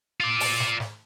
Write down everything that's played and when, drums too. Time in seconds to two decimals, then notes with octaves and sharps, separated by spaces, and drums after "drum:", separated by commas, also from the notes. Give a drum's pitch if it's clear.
0.20 F4 D5
0.40 drum: open hi-hat
0.60 drum: snare
0.80 drum: snare